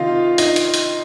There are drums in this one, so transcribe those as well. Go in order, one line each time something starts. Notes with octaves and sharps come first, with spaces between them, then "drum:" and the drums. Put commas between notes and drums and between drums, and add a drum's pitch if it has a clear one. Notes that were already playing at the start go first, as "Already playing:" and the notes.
Already playing: C3 D#3 F4 D#5 F5
D#4 D#5, drum: hi-hat
drum: hi-hat
drum: hi-hat